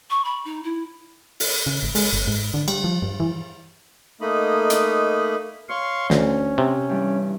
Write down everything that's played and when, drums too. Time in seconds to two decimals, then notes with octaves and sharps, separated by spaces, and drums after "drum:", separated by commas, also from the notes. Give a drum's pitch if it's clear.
0.10 C#6
0.25 B5
0.45 D#4
0.64 E4
1.40 drum: open hi-hat
1.66 C#3
1.83 G#1
1.95 G#3, drum: open hi-hat
2.13 G1
2.27 G#2
2.54 D3
2.68 G3, drum: cymbal
2.84 F3
3.02 G2
3.20 E3
4.21 A3 A#3 D#4 D#5 B5
4.70 drum: hi-hat
5.69 C#5 F5 C6 C#6
6.10 D2 C#4, drum: snare
6.58 C3
6.89 G2 E3 G3